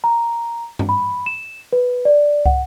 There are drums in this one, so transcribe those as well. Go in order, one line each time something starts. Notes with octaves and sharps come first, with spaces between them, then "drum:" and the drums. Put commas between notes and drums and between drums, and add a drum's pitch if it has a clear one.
A#5
drum: tom G2
B5
E7
B4
D5
F#5, drum: kick